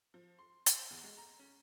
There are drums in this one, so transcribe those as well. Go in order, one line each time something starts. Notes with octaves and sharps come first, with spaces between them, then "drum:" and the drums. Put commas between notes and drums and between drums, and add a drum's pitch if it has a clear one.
F3
C6
C5, drum: hi-hat
E2
G#3
A#5
C#4